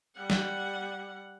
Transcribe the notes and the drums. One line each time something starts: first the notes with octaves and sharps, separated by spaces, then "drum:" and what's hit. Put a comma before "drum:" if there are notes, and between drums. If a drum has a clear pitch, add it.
G3 F#5
drum: snare